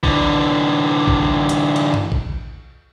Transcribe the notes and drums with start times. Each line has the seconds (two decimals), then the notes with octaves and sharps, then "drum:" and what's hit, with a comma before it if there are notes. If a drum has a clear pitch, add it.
0.04 D3 E3, drum: kick A#1
1.08 drum: kick A#1
1.49 drum: hi-hat
1.76 drum: cymbal
1.94 drum: tom G2
2.12 drum: kick A#1